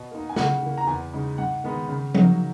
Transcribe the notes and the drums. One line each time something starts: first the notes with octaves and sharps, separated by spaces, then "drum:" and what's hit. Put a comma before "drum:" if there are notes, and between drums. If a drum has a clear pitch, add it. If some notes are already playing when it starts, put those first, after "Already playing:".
Already playing: B2
A#3 D#4
G#5
C#3 F#5, drum: snare
E3 A#3
A#5
E2 G#5
C#3 G#3 D#4
G#2 F#5
D#3 G#3 B3 D#4
C#3
F#3 A#3 D#4, drum: tom F3